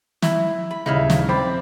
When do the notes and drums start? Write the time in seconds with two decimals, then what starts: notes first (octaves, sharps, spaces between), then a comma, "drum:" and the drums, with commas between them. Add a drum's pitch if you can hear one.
0.22 E4, drum: snare
0.71 B5
0.86 D#1 C#3 D#4 E4 F5
1.10 drum: snare
1.29 C4 D5 B5